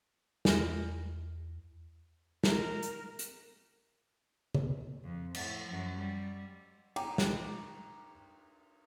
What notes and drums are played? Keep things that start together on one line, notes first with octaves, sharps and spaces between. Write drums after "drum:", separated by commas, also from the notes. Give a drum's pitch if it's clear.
E2 F6 A#6, drum: snare
A#4, drum: snare
drum: hi-hat
drum: hi-hat
drum: tom C#3
F2
A2, drum: cymbal
F#2 F3
G3
G5 A#5 D6, drum: cymbal
drum: snare